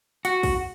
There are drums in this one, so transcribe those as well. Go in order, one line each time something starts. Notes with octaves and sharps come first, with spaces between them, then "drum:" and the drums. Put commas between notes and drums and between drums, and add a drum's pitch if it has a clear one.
F#4, drum: hi-hat
drum: kick, open hi-hat